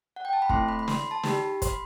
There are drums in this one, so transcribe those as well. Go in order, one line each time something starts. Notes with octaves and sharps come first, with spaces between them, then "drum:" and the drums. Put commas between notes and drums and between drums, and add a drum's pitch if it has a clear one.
F#5
G5
A5
B5
A3 C4 E4 C6, drum: kick
B5
B5
C6, drum: snare
C6
A5
D#4 G4 B5, drum: snare
C6, drum: kick, hi-hat
B5